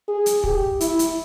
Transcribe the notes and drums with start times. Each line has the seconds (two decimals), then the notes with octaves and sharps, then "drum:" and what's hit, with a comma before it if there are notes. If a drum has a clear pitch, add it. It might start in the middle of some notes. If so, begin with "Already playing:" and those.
0.08 G#4
0.26 drum: hi-hat
0.44 G4, drum: kick
0.81 E4, drum: hi-hat
0.99 drum: hi-hat